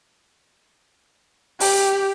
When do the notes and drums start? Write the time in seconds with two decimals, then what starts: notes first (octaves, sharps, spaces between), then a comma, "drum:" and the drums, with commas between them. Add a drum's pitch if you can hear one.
1.60 G4, drum: open hi-hat